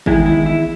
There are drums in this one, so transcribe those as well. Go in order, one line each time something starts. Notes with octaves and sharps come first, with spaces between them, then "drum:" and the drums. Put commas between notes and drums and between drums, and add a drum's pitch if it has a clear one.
E2 D#3 G#3 E4, drum: kick G#1
E4
E4